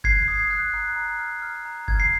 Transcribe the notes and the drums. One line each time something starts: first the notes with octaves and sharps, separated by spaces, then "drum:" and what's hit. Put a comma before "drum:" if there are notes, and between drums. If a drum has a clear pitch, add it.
F#6 G#6 C7, drum: kick G1
D#6
F#6
A#5
A#5
F6
F6
A#5
F6 G#6, drum: kick G1
C7